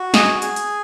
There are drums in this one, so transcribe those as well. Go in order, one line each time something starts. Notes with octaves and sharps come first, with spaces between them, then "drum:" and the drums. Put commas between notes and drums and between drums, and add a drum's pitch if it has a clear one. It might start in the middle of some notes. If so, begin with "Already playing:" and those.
Already playing: F#4
G#4 D#5, drum: snare
G#4, drum: hi-hat
drum: hi-hat